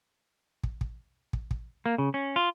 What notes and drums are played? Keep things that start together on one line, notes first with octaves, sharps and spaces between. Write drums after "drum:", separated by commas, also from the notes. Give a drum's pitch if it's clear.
drum: kick
drum: kick
drum: kick
drum: kick
A#3
C#3
C#4
F4